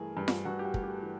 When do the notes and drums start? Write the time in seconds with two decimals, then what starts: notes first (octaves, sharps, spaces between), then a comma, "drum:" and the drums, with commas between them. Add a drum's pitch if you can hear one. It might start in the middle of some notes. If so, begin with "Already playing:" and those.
Already playing: G2 E3 A3 G#4 A#4
0.17 G2
0.28 drum: snare F4
0.45 G2 F#4
0.59 G4
0.65 F#4
0.74 A3, drum: kick
0.83 G4
1.02 E3